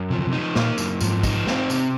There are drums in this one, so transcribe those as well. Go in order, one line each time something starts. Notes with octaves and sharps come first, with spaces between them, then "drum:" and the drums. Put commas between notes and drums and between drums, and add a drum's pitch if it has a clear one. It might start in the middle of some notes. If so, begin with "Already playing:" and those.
Already playing: F#2
C3 F3
C#3
C3
D#4
A#2 A#3, drum: snare
F#2, drum: tambourine
G#2 F3, drum: tambourine
D#4, drum: kick, tambourine
C4, drum: snare
C3, drum: tambourine